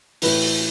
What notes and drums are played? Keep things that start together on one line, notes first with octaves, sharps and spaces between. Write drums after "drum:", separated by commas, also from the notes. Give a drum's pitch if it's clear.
A2 E3 B4, drum: open hi-hat
drum: open hi-hat